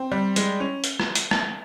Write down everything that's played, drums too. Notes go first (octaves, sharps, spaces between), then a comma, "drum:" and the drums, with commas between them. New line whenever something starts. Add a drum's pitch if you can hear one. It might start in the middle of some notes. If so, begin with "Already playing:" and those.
Already playing: C4
G3
G#3, drum: hi-hat
C#4
drum: hi-hat
drum: rim click
drum: hi-hat
drum: rim click